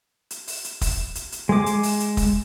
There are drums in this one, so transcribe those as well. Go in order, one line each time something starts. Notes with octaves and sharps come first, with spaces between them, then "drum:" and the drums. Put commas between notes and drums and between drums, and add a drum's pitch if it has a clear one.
drum: hi-hat
drum: open hi-hat
drum: hi-hat
drum: kick, open hi-hat
drum: hi-hat
drum: hi-hat
G#3 D6
drum: hi-hat
drum: open hi-hat
drum: hi-hat
drum: kick, open hi-hat